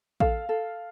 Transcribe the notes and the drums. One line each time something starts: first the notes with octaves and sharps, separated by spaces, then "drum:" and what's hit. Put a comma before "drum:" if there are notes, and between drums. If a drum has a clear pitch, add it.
A4 F5, drum: kick A#1
A4